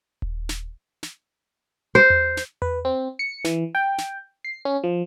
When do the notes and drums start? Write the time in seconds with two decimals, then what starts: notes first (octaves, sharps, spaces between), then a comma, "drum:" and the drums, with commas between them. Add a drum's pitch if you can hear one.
0.22 drum: kick D#1
0.49 drum: snare
1.03 drum: snare
1.95 C5
2.10 drum: tom E2
2.37 drum: snare
2.62 B4, drum: tom E2
2.85 C4
3.19 C#7
3.45 E3, drum: snare
3.75 G5
3.98 drum: snare
4.45 C7
4.65 C#4
4.84 F3